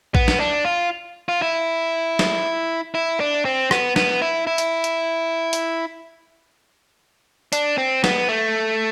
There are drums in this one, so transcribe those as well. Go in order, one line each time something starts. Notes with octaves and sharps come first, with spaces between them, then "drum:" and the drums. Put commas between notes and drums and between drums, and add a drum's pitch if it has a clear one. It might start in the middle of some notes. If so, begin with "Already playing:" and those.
B3, drum: kick
drum: snare
D4
F4
F4
E4
drum: snare
E4
D4
C4
B3, drum: rim click
B3, drum: snare
E4
E4
drum: hi-hat
drum: hi-hat
drum: hi-hat
D4, drum: hi-hat
C4
B3, drum: snare
A3